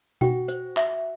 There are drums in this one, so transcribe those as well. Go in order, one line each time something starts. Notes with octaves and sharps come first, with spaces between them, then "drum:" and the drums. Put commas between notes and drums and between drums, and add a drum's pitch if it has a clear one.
F#4 G5, drum: tom B2
C5, drum: hi-hat
E5, drum: clap